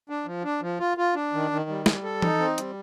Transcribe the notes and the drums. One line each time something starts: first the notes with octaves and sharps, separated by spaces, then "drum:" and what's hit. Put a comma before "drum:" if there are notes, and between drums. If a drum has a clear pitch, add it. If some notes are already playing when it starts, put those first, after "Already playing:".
D4
F3
D4
F3
F4
F4
D4
D#3
D#3
G3
G3, drum: snare
A4
D#4, drum: tom E3
C4
G3, drum: hi-hat